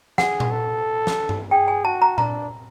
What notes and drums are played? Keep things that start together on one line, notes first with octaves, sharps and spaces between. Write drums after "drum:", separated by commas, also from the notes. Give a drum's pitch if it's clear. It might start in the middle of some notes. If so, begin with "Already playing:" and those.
G#4 F#5, drum: snare
drum: tom A#2
A4
drum: snare
drum: tom G2
G#4 G5
G#5
F#4 A5
A#5
D4 A#5, drum: tom A#2